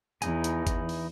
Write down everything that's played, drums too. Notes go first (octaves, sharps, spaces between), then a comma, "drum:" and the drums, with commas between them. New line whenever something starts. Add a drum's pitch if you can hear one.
E2 E3 D#4 G#5, drum: hi-hat
drum: hi-hat
drum: kick, hi-hat
drum: open hi-hat